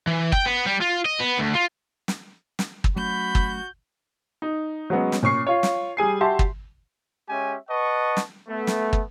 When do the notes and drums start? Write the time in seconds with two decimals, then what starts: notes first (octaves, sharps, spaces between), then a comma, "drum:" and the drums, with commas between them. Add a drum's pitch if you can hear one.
0.07 E3
0.32 G5, drum: kick
0.46 B3
0.66 G3
0.81 F4
1.05 D#5
1.20 B3
1.39 D2
1.55 F4
2.08 drum: snare
2.59 drum: snare
2.84 drum: kick
2.96 F#3 A3 C#4 F#4 B5 G6
3.35 drum: kick
4.42 D#4
4.90 F#3 G#3 B3 C#4
5.12 drum: snare
5.23 A#2 C#4 C#6 C7
5.47 F4 C#5
5.63 drum: snare
5.97 G3 G#4 G#5 C7
6.21 F#4 G4 E5 A5 C6
6.39 drum: kick
7.29 G#3 C#4 G4 C#5 E5 G#5
7.69 B4 D#5 F#5 A5 C#6
8.17 drum: snare
8.48 A3 B3
8.67 drum: snare
8.93 drum: kick